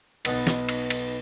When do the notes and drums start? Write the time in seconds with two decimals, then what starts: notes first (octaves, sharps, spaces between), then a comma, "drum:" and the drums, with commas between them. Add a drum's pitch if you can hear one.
0.25 B1 B3 D#4 A5, drum: cymbal
0.47 drum: snare
0.69 drum: cymbal
0.90 drum: cymbal